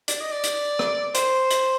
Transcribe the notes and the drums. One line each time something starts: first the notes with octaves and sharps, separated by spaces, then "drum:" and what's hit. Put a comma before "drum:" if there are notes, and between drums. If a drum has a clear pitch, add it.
D5, drum: hi-hat
D#5
D5
drum: hi-hat
drum: rim click
C5, drum: hi-hat
drum: hi-hat